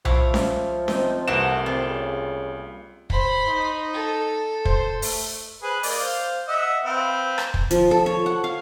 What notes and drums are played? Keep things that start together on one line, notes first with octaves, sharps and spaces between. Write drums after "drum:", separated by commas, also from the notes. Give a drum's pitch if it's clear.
F3 E4 F5 C#6, drum: tom B1
drum: snare C#4
C4 D#4, drum: snare C#4
C2 E3 A3 A#3 F4 F#4 E7
G3 C4 F4
C#3
C5 B5, drum: kick
D#4
A4
C5, drum: kick
A3, drum: open hi-hat
G#4 B4 C5
A#3 D5 D#5, drum: open hi-hat
C5 F5
D#5 E5 F#5
C4 B4 F5
drum: rim click
drum: kick
F3, drum: hi-hat
A4
C#5
F#5
F5